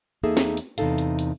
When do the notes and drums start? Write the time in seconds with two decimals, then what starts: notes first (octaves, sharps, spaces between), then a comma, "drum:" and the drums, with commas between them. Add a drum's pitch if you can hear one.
0.23 E2 A#3 D#4 G#4 A4 E5
0.37 drum: snare
0.57 drum: hi-hat
0.78 E2 C3 A3 D#4 A4 F5, drum: hi-hat
0.98 drum: hi-hat
1.19 drum: hi-hat